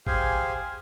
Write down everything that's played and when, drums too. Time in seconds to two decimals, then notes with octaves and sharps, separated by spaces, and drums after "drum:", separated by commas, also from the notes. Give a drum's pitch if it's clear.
0.07 G4 G#4 C5 F5 G#5, drum: kick